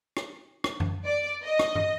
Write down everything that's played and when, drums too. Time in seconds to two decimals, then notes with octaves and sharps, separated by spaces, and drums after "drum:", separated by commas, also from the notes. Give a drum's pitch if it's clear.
0.17 drum: rim click
0.64 drum: rim click
0.80 drum: tom F#2
1.05 D5
1.44 D#5
1.59 drum: rim click
1.75 drum: tom G2